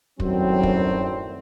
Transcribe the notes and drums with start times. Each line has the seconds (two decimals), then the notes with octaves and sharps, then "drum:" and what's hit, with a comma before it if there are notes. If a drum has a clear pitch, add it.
0.20 F#2 A2 D#3 F#3 G3 C4, drum: kick
0.63 drum: kick